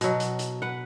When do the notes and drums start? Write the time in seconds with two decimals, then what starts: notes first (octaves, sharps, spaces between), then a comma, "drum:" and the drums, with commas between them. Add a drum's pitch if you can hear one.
0.01 B2 F#3, drum: hi-hat
0.20 drum: hi-hat
0.39 drum: hi-hat
0.62 B4 F#5